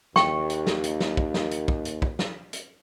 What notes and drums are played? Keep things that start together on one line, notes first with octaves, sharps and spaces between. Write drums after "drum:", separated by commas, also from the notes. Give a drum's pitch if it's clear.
D#2 G5 C#6, drum: snare
drum: hi-hat
drum: snare
drum: hi-hat
drum: snare
drum: kick
drum: snare
drum: hi-hat
drum: kick
drum: hi-hat
drum: kick
drum: snare
drum: hi-hat